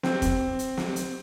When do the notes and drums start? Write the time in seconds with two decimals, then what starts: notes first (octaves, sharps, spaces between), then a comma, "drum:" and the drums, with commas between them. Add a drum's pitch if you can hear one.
0.03 C4, drum: snare
0.22 drum: kick, hi-hat
0.59 drum: hi-hat
0.77 drum: snare
0.96 drum: hi-hat